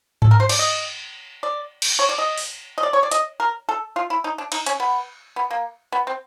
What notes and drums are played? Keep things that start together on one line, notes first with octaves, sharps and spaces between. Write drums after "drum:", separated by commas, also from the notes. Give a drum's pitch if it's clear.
A4, drum: tom G#2
A#4
C5
D5, drum: cymbal
D#5
D5
drum: cymbal
C#5
D5
D#5
drum: open hi-hat
D#5
D5
C#5
D5
D#5, drum: hi-hat
A#4
A4
F4
E4
D#4
D4
D#4, drum: cymbal
C#4, drum: hi-hat
B3
B3
A#3
B3
C4